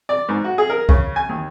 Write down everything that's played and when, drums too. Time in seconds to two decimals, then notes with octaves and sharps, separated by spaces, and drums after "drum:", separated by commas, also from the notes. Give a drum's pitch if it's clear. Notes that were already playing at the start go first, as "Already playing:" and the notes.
0.09 D5
0.29 G#2
0.44 F#4
0.58 G#4
0.70 A#4
0.89 C#3, drum: kick C2
1.16 G#5
1.29 D#2